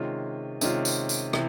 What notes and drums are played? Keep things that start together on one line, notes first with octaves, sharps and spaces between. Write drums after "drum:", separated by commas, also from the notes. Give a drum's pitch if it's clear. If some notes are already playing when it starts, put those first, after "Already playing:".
Already playing: C3 D#3 G#3 C#4 F4
C3 D#3 G#3 C#4 F4, drum: tambourine
drum: tambourine
drum: tambourine
C3 E3, drum: rim click